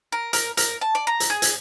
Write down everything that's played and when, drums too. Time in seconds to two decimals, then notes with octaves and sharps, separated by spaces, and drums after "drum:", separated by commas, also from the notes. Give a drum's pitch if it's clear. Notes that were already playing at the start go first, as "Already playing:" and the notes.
0.12 A#4
0.33 A#4, drum: hi-hat
0.57 A#4, drum: hi-hat
0.81 A5
0.95 D5
1.07 A#5
1.20 drum: hi-hat
1.30 G#4
1.42 drum: hi-hat